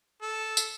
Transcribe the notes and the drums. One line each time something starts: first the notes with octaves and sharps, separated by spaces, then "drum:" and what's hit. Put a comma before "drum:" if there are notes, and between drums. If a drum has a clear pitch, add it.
A4
drum: tambourine